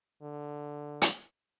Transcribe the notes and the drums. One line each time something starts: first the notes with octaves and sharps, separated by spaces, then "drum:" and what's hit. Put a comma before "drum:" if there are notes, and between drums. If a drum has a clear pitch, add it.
D3
drum: hi-hat